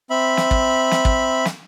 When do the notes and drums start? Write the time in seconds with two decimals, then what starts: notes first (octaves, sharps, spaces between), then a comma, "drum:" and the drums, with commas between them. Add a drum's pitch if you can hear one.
0.10 C4 E5 B5
0.37 drum: snare
0.51 drum: kick
0.91 drum: snare
1.05 drum: kick
1.45 drum: snare